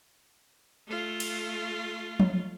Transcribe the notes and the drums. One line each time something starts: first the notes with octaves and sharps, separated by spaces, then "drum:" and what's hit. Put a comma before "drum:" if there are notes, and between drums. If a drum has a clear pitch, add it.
A3 F4
drum: cymbal
drum: tom F3